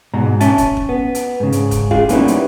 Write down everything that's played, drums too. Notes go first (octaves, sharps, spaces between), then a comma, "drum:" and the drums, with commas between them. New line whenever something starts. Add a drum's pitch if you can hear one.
G#2 B2 A#5
C#4 E5 G#5 A5, drum: hi-hat
drum: kick, hi-hat
drum: kick
B3
drum: hi-hat
G#2 C#3
drum: hi-hat
drum: kick, hi-hat
F4 G#4 F5, drum: kick
G3 A#3 B3 C#4 D#4 E4, drum: hi-hat
drum: hi-hat